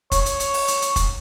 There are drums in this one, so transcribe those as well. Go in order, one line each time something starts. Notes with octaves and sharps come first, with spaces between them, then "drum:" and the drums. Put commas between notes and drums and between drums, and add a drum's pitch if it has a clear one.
C#5, drum: kick F1, hi-hat
drum: hi-hat
drum: hi-hat
drum: open hi-hat
drum: hi-hat
drum: hi-hat
drum: kick F1, hi-hat